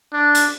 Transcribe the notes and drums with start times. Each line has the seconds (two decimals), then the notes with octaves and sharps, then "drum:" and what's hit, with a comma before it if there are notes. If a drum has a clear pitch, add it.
0.13 D4
0.35 drum: hi-hat